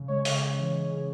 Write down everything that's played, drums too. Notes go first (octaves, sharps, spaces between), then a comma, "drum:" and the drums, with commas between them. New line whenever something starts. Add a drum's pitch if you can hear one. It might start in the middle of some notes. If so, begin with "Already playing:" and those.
Already playing: C#3
G#3 C#5
C#3, drum: open hi-hat
C#3
E3
G#3
C#3